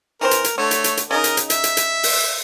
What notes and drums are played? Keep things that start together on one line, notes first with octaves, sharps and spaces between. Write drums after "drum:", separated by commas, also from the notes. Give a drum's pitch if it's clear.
E3 C4 A#4 C5
drum: hi-hat
drum: hi-hat
D3 A3 C#5
drum: hi-hat
drum: hi-hat
drum: hi-hat
C#3 D#4 A#4 D#5
drum: hi-hat
drum: hi-hat
E5, drum: hi-hat
drum: hi-hat
drum: hi-hat
drum: open hi-hat